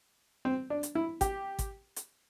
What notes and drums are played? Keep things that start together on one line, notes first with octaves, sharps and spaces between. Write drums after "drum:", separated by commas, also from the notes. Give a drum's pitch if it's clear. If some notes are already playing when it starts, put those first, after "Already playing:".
C4
D4
drum: hi-hat
E4
G4, drum: kick, hi-hat
drum: kick, hi-hat
drum: hi-hat